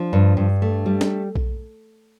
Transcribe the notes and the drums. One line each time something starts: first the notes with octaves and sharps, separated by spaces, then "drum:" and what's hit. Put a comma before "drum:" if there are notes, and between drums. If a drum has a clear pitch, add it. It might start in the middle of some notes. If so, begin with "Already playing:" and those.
Already playing: F3 D4
G2
G2
A3
G3
drum: snare
drum: kick B1